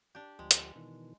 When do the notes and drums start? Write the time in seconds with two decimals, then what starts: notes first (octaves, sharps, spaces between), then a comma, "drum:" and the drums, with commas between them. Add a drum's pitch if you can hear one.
0.15 D4 G4
0.39 D2 F3 G#3 G4
0.51 drum: hi-hat
0.76 B2 D#3 E3